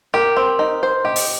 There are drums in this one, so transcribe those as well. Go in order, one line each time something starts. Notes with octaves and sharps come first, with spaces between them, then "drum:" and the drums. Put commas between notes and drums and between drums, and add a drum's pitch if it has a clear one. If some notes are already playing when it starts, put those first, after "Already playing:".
G4 A#4
C4
D#4
C5
G4 D#5
drum: open hi-hat